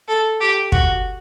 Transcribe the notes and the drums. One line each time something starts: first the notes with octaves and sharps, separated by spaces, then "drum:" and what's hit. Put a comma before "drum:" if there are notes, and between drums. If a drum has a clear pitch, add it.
A4
G4
F#4, drum: kick